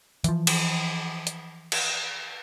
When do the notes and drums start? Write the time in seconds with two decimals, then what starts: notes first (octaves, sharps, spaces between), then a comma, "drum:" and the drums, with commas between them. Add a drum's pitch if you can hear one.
0.24 E3 F3, drum: hi-hat
0.47 drum: cymbal
1.27 drum: hi-hat
1.72 drum: cymbal